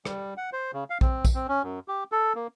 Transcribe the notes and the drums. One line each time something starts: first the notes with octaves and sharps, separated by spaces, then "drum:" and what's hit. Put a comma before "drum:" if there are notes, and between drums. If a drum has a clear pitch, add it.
G3, drum: rim click
F#5
C5
C#3
F5
C4, drum: kick A#1
drum: kick A#1, tambourine
C4
C#4
F#2
G4
A4
A#3